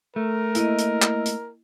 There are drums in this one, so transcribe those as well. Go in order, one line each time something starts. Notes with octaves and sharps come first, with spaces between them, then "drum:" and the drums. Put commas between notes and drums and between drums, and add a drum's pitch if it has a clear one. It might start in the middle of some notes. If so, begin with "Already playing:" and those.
A3 A#4
A#3 E4 D#5, drum: hi-hat
drum: hi-hat
drum: clap
drum: hi-hat